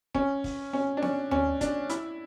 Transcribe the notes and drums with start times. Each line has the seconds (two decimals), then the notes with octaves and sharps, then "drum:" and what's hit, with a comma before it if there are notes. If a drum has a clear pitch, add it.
0.14 C#4, drum: kick
0.44 drum: kick, open hi-hat
0.73 C#4
0.97 D4
1.02 C#4, drum: snare B3
1.31 C#4, drum: tom D#2
1.61 D4, drum: kick, hi-hat
1.90 E4, drum: hi-hat